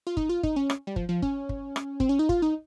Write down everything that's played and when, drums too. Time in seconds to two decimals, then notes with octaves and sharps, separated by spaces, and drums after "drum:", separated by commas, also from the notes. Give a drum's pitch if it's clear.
0.07 F4
0.17 D#4, drum: kick
0.29 F4
0.43 D#4, drum: kick
0.56 C#4
0.70 drum: rim click
0.87 G3
0.96 F3, drum: kick
1.09 F3
1.22 C#4, drum: kick
1.49 drum: kick
1.76 drum: rim click
2.00 C4, drum: kick
2.09 C#4
2.19 D#4
2.29 F4, drum: kick
2.42 D#4